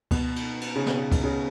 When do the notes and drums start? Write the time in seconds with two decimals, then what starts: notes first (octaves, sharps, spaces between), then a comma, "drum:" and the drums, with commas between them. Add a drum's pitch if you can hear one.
0.11 B2, drum: kick C#2, cymbal
0.36 drum: cymbal
0.61 drum: cymbal
0.76 C#3
0.86 B2, drum: snare
1.12 drum: kick C#2, cymbal
1.24 C#3